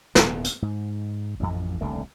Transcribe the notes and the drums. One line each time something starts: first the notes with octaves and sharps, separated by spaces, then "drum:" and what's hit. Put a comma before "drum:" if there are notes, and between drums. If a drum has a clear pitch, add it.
D#1 D#3 B3, drum: snare
drum: hi-hat
G#2
A1 F2
D#1 C2 D3 A3